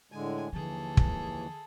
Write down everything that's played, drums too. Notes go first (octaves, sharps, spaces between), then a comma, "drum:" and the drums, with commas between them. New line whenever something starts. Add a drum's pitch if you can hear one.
A2 D3 G#3 G#5
D#2 D3 E3 F3 G#4 A4
drum: kick